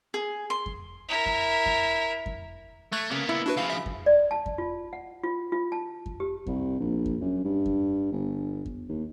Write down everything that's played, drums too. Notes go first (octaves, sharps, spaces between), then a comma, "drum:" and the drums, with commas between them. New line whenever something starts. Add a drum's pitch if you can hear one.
G#4
C6
drum: kick F2
E4 A#4
drum: kick F2
drum: kick F2
drum: kick F2
A3 C#6 F#6 G#6
C#3 A#3 B3
E4
D4 F#4 B4
C#3 F3 F5
E5
drum: kick F2
D5
A5
drum: kick F2
F4
F#5
F4
F4
A5
drum: kick F2
G4
C2, drum: kick F2
A#1
drum: kick F2
F#2
G2
drum: kick F2
G1
drum: kick F2
D#2